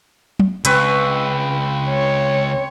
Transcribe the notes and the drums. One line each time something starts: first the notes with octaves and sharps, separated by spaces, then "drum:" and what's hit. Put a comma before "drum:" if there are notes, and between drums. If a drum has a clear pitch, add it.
drum: tom F#3
C#2 C4 B4 C#6, drum: hi-hat
C#5